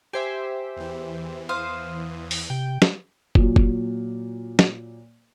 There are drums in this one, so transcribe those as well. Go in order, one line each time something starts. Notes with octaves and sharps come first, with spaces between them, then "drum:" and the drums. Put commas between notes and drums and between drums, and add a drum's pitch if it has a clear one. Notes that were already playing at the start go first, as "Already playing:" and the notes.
G4 C5 E5 G#5
E2 E3
C5 F5 D#6
drum: open hi-hat
C3 G5
drum: snare
A#2 F#3, drum: kick
drum: kick
drum: snare